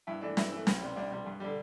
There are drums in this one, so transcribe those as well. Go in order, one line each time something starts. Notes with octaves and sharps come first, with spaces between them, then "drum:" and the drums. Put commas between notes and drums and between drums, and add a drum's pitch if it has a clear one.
G2 E4
E3 A3 D4
G2 E4, drum: snare
E3 A3
C2, drum: snare
C3 G3
C2 D4
C3 G3
G2
D3 G3